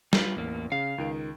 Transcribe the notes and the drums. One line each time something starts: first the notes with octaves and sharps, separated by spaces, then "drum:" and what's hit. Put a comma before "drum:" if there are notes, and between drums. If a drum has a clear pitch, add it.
G3 F4 B4, drum: snare
A1 E2 A#3
C#3 F5
C#2 D#3 D7